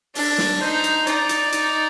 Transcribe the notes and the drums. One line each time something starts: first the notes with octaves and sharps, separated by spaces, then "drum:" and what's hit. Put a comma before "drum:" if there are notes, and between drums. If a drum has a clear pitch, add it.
D4, drum: open hi-hat
drum: snare
D#4 C5
drum: hi-hat
D#4 D5, drum: hi-hat
drum: hi-hat
D#4, drum: hi-hat